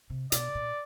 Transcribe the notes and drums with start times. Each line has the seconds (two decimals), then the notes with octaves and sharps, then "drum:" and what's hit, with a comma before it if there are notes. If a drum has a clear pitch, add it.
0.10 C3
0.32 B2 D5, drum: hi-hat
0.55 A#2